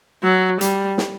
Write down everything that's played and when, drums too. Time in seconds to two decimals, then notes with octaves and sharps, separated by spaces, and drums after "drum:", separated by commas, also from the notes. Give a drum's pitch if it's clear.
0.23 F#3
0.61 G3, drum: hi-hat
0.98 drum: snare